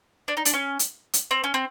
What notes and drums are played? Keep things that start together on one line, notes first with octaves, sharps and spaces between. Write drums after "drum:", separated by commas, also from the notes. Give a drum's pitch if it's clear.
D4
D#4
D4, drum: hi-hat
C#4
drum: hi-hat
drum: hi-hat
C4
C#4
C4